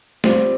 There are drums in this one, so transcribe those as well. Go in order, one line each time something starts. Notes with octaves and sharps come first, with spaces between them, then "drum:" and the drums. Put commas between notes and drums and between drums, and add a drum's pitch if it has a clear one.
G3 C4 F4, drum: snare